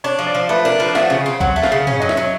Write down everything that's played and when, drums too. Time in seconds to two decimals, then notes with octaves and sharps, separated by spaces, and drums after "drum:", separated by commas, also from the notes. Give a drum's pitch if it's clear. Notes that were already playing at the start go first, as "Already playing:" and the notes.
0.04 D4 C#5
0.19 F3
0.26 D5
0.35 F3
0.49 A3 B4
0.65 D4 A#4
0.80 F3 B4
0.95 A3 F5, drum: snare
1.03 F#5
1.10 C#3 F5
1.26 C4
1.40 F#3 F#5, drum: kick B1
1.56 A3
1.63 F5, drum: snare
1.72 C#3
1.87 C#4, drum: tom
2.00 F#3 D#5
2.09 E5, drum: snare
2.17 F#3